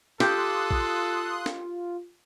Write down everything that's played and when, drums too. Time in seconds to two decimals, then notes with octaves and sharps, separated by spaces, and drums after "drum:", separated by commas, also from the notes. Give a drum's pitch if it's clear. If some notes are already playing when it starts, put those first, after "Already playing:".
0.20 F4 G4 A4 C6 D#6 F#6, drum: snare
0.71 drum: kick A#1
1.46 drum: snare